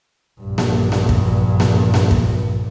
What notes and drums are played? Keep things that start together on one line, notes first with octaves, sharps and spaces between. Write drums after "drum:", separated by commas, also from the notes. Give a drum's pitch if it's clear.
A#1 G2
drum: snare A#3
drum: snare A#3
drum: kick
drum: snare A#3
drum: snare A#3
drum: kick